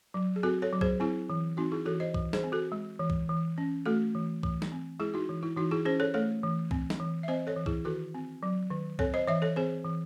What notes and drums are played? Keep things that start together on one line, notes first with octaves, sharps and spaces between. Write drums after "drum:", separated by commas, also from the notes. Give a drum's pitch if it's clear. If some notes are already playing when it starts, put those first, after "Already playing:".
F#3
G#4
C4 F#4 A4
A4 C#5
F#3
G#4 C5, drum: kick C2
C4 E4 G#4
E3
C4 D#4 F#4
E4 G#4
E3 F#4 A4
C5 D#5
E3, drum: kick C2
G#4 C5, drum: snare
C4
F#4 A4
G#3
E3
drum: kick C2
E3
C#4
A3 F#4 A4
E3
E3, drum: kick C2
drum: snare
C4
G#3 E4 G#4
D#4 F#4
E3
E4
E3 D#4 F#4
E4 G#4
C#4 G#4 C5
A4 C#5
A3 A4 C#5
E3
C4, drum: kick C2
drum: snare
E3
E5
C4 C5 D#5
A4 C#5
E3
E4 G#4, drum: kick C2
D#3 F#4 A4
C4
F#3
D#3
C4 A4 C#5, drum: kick C2
C5 D#5
E3 C#5 E5
A4 C#5
C4 G#4 C5
E3